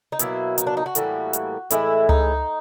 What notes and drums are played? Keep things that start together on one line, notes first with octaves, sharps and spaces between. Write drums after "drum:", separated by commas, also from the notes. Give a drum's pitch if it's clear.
D#4
B2 F#3 A#3 E4, drum: hi-hat
D#4, drum: hi-hat
D4
D#4
F#4
A2 E3 G3 A#3, drum: hi-hat
drum: hi-hat
A2 E3 G#3 E4, drum: hi-hat
D#4, drum: tom C#2